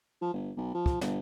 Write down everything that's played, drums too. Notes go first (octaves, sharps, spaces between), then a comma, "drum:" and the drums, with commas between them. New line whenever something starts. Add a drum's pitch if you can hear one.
F3
G1
B1
F3
drum: kick
G1, drum: snare